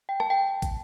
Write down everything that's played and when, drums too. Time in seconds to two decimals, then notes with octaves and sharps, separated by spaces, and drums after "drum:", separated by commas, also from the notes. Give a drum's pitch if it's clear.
0.09 G5
0.20 A5, drum: rim click
0.30 G5
0.62 drum: kick, hi-hat